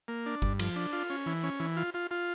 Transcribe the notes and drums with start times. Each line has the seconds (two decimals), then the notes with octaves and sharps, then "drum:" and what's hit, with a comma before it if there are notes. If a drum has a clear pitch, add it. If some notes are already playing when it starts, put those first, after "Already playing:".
0.08 A#3
0.26 D4
0.42 G2, drum: kick G1
0.59 F3, drum: cymbal
0.76 D4
0.93 F4
1.10 C#4
1.26 E3
1.43 C#4
1.60 E3
1.77 F4
1.94 F4
2.11 F4